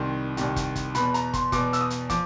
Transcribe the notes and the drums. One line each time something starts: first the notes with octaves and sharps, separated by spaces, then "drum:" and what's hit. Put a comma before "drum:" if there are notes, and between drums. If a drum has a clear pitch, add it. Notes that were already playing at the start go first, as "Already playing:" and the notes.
Already playing: C2 C3 D#3 C6
C2 C3 D#3, drum: hi-hat
drum: kick, hi-hat
drum: kick, hi-hat
E2 B2 B5, drum: hi-hat
A#5, drum: hi-hat
C6, drum: kick, hi-hat
E2 B2 D6, drum: kick, hi-hat
E6, drum: hi-hat
D#6
drum: hi-hat
F3 D6, drum: kick, hi-hat